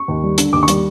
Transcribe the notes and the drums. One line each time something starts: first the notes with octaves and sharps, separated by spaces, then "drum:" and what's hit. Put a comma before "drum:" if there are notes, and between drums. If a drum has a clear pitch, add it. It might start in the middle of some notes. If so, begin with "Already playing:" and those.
Already playing: C#6
D#2
G3
D3, drum: hi-hat
D#2 D6
C#6
G3, drum: hi-hat